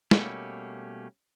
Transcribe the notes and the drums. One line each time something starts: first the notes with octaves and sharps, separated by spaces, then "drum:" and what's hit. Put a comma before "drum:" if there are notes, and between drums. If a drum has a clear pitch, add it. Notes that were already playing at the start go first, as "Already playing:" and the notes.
B2 G3 A3 A#3 C#4, drum: snare